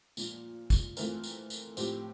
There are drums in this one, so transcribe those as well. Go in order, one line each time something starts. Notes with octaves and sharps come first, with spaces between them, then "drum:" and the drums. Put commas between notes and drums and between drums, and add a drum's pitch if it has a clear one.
A#2 F3 A#3, drum: tambourine
drum: kick, tambourine
E3 A3 C4 F4 A#4, drum: tambourine
drum: tambourine
drum: tambourine
A2 F3 C4 G4, drum: tambourine